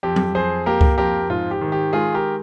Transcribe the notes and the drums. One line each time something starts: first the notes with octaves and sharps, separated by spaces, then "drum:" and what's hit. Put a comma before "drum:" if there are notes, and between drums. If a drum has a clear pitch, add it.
F2 G4
drum: tom F#3
F2 G#4 C5
A#3 G4 A#4
drum: kick C#2
F2 G4 A#4
G#2 F4
G4
D#3
G4
G#3 F4 G#4
G4 A#4